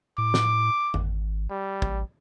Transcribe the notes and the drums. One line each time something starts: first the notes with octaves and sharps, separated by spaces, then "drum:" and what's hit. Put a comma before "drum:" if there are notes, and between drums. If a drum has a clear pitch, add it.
A2 D6
drum: snare
G#1, drum: tom F2
G3
A1, drum: kick